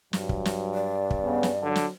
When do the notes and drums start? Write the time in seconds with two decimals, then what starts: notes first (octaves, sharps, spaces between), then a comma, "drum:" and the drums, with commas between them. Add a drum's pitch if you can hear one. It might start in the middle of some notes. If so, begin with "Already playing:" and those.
0.13 G2 F#3, drum: snare
0.29 drum: kick
0.45 drum: snare
0.74 D5
1.10 drum: kick
1.24 C#3 B3
1.43 drum: snare
1.63 D3 F#3
1.76 drum: snare